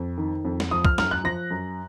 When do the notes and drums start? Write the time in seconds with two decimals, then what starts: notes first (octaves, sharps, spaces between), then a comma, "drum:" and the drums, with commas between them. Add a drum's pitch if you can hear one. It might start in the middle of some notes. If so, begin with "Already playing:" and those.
Already playing: F2
0.18 D#3
0.45 F2
0.60 drum: snare
0.71 F3 D#6
0.85 F6, drum: kick
0.98 F#2 F6, drum: snare
1.11 F#6
1.24 F3 A#6
1.51 F#2